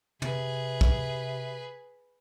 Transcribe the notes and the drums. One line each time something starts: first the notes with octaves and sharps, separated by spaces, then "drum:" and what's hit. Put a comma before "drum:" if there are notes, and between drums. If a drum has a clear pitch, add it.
C3 G#4 B4, drum: tom
drum: kick